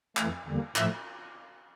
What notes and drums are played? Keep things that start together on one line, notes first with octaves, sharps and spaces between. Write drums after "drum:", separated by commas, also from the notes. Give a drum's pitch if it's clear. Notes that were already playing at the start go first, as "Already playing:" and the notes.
F2 E3 A3, drum: clap
E2 D3 G3 A#3
A2 F3 A3 E5, drum: clap